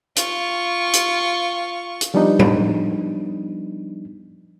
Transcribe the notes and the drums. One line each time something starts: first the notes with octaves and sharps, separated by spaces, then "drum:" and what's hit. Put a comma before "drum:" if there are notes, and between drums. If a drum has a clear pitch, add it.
F4 C#6, drum: hi-hat
drum: hi-hat
drum: hi-hat
F3 G3 B3 D4 D#4
drum: tom A2